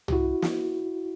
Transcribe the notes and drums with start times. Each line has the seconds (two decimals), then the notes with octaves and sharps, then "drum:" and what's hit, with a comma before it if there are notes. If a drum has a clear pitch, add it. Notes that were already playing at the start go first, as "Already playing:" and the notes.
0.08 G4, drum: tom
0.12 E4 F#4
0.42 drum: snare